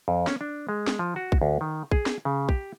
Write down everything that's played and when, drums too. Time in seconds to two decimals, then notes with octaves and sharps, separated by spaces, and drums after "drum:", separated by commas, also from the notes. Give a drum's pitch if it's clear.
0.08 F2
0.27 C#4, drum: snare
0.41 D4
0.69 G#3
0.87 drum: snare
0.99 F3
1.16 F#4
1.32 drum: kick
1.42 D2
1.61 D#3
1.91 G#4, drum: kick
2.06 drum: snare
2.25 C#3
2.49 G4, drum: kick